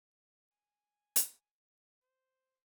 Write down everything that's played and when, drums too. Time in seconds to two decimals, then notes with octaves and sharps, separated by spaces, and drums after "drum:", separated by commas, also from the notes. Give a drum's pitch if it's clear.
0.51 G#5
1.16 drum: hi-hat
2.02 C5